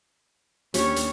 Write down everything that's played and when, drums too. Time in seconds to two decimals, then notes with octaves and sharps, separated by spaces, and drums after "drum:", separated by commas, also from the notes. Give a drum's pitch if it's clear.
0.74 D#2 C#4 D4 G4 C#5, drum: hi-hat
0.96 drum: hi-hat